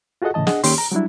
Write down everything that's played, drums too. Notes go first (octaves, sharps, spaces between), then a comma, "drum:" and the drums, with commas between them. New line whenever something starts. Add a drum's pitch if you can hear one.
F4 F#4 G#4 A4 D#5 F#5
A2 C#3 E3 D#5 A5
D4 G#4 D#5 F#5, drum: snare
D#3 A#3 C#4 G4 C#5 C6, drum: open hi-hat
A#5
F#3 G3 D4 E4